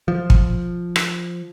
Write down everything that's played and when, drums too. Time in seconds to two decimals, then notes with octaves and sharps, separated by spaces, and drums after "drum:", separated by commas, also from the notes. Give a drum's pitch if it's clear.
0.08 F3
0.30 drum: kick
0.96 drum: rim click